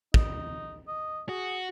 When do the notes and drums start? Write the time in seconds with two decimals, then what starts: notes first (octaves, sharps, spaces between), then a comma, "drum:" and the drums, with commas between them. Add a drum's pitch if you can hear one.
0.14 D#4, drum: kick
0.88 D#5
1.29 F#4 G#4